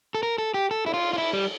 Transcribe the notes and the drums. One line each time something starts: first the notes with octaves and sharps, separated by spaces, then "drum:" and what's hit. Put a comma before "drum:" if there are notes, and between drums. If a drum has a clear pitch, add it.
A4
A#4
A4
G4
A4
E4, drum: cymbal
F4
F4
E4
G3